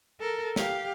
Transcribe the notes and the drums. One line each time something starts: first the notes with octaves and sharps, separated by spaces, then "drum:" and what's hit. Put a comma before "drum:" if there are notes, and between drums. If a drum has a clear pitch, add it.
A4 A#4
G4 F5, drum: snare